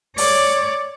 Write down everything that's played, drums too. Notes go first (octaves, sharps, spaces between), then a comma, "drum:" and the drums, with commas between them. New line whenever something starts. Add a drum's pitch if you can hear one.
C#5 D5, drum: open hi-hat